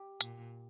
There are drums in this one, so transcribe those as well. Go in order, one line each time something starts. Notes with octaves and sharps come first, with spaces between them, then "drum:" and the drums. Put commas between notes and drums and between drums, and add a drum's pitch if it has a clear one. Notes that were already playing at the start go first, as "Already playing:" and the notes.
Already playing: G4
A#2, drum: hi-hat